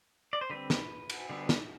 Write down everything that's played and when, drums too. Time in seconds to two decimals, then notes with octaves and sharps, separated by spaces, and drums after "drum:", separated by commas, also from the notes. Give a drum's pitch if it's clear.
0.33 D5
0.41 C5
0.50 D3 G3 C4 B4
0.70 drum: snare
1.10 drum: cymbal
1.29 D3 G3 B3
1.49 drum: snare